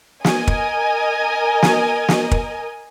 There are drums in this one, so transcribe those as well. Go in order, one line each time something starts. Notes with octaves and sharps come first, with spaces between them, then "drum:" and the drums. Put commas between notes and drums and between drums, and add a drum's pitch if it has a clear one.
A#4 D#5 G#5, drum: snare
drum: kick
drum: snare
drum: snare
drum: kick